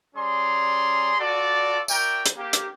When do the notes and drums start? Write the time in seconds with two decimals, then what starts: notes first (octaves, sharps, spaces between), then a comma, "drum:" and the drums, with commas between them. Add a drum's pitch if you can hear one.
0.15 G3 C#4 G#4 D5 A#5 C6
1.20 F4 F#4 A4 D5
1.88 F#4 A#4 D5 E5 G5, drum: tambourine
2.26 drum: hi-hat
2.37 A#3 G4
2.53 drum: hi-hat